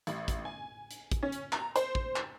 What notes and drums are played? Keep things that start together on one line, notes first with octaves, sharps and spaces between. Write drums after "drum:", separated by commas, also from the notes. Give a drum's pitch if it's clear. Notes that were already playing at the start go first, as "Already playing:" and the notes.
A1, drum: hi-hat
drum: kick, hi-hat
G#5
drum: hi-hat
drum: kick, hi-hat
C#4
drum: hi-hat
A#5, drum: clap
C5, drum: hi-hat
drum: kick
drum: clap